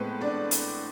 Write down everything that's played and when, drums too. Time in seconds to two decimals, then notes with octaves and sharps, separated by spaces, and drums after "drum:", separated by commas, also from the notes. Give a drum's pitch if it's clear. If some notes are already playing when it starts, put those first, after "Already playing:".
Already playing: A2 G#3 B3 C4 B4
0.21 D4 D5
0.51 drum: hi-hat